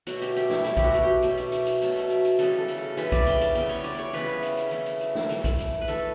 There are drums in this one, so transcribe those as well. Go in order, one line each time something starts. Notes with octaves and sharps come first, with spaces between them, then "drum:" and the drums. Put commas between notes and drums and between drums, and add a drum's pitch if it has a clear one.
B2 F#3 A3 F#4, drum: hi-hat
G4, drum: hi-hat
G4, drum: hi-hat
E4, drum: snare
B2 F#3 A3 E4, drum: hi-hat
G4, drum: kick A#1, hi-hat
F#4
drum: hi-hat
G4
B2 F#3 A3, drum: hi-hat
drum: hi-hat
drum: hi-hat
drum: hi-hat
B2 F#3 A3, drum: hi-hat
drum: hi-hat
drum: hi-hat
drum: hi-hat
C#3 E3 G3 B3 A4, drum: hi-hat
A4
drum: hi-hat
A4
C#3 E3 G3 B3 B4, drum: hi-hat
D5, drum: kick A#1, hi-hat
G5, drum: hi-hat
A5, drum: hi-hat
C#3 E3 G3 B3 G5, drum: hi-hat
C#5, drum: hi-hat
D5, drum: hi-hat
C#5 D5
C#3 E3 G3 B3 B4, drum: hi-hat
drum: hi-hat
drum: hi-hat
drum: hi-hat
E3 A3, drum: hi-hat
drum: hi-hat
drum: hi-hat
drum: snare
E3 A3, drum: hi-hat
drum: kick A#1, hi-hat
drum: hi-hat
B4
E3 A3 A4, drum: hi-hat